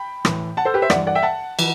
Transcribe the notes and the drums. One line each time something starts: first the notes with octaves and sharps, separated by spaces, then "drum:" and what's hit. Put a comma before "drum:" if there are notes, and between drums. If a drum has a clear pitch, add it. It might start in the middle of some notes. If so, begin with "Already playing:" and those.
Already playing: G5 B5
A2 E3, drum: rim click
F#5 A5
A4 C5
G4 B4
C5 E5
G2 D5 F#5, drum: rim click
E3
D5 F#5
E5 G5
F#5 A5
E3, drum: cymbal